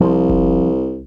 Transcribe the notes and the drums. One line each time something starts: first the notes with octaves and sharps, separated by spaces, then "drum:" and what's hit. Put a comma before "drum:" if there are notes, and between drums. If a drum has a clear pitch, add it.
C2 F3 C4
drum: kick F#1